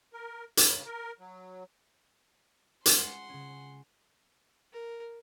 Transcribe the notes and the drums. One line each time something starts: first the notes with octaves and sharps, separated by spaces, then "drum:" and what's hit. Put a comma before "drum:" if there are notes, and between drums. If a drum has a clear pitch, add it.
A#4
C#3, drum: hi-hat
A#4
F#3
G#3 C#4 F4 F#5 C6, drum: hi-hat
C#3 C#4
A#4